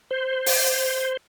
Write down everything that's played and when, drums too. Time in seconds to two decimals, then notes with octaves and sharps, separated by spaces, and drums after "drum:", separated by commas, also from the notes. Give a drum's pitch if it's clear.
0.11 C5
0.46 drum: open hi-hat